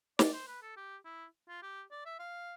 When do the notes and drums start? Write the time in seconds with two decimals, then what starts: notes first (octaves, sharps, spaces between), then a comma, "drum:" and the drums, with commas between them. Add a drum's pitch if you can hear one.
0.19 D5, drum: snare
0.33 C5
0.48 B4
0.62 A4
0.77 G4
1.05 E4
1.48 F4
1.63 G4
1.91 D5
2.06 E5
2.19 F5